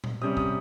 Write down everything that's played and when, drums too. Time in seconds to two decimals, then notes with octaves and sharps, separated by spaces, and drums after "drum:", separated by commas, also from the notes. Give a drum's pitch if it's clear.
0.04 drum: tom A#2
0.22 C3 G3 C#4 D#6
0.37 D#6, drum: kick